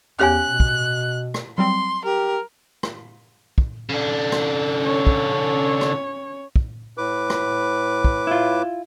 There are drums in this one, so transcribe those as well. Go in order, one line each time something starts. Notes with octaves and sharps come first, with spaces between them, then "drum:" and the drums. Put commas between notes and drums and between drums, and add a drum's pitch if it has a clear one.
E2 B3 C#4 G4 C#5 F5 G#5 F#6
B2
drum: kick
drum: rim click
F#3 G3 C4 C6
G4 A#4
drum: rim click
drum: kick
C#3 D4 A4
drum: rim click
C#4 C#5
drum: kick
drum: rim click
drum: kick
A2 B4 D6
drum: rim click
drum: kick
E4 F4